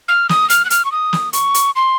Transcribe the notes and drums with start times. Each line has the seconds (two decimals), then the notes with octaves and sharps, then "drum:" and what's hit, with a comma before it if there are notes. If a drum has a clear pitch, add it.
0.08 F6
0.29 D#6, drum: snare
0.50 F6, drum: hi-hat
0.65 F#6
0.70 F6, drum: hi-hat
0.85 C#6
0.92 D#6
1.13 drum: snare
1.33 C#6, drum: hi-hat
1.54 drum: hi-hat
1.76 C6